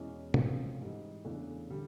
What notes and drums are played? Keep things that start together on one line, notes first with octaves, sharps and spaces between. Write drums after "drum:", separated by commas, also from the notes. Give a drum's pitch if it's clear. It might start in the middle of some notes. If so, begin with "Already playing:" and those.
Already playing: E2 B2 G#3 C#4 E4
C#3 F3 A3 C4, drum: tom
G#2 E3 G3
E2 C#3 E3 A3 D4
D3 G3